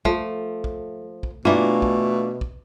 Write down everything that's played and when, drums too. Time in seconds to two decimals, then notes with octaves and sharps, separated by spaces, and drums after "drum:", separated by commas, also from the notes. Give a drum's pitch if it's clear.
0.05 F3 A3, drum: kick
0.64 drum: kick
1.23 drum: kick
1.45 B2 E3 A3 A#3 D4 F4
1.82 drum: kick
2.41 drum: kick